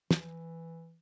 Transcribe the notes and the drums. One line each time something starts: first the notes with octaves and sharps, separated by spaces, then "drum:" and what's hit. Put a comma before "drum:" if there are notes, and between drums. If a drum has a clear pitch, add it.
E3, drum: snare